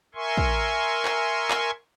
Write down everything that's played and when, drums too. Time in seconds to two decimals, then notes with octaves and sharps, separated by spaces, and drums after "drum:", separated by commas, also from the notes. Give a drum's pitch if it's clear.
0.15 A#4 E5 G#5 C6 C#6
0.37 drum: kick
1.05 drum: clap
1.51 drum: clap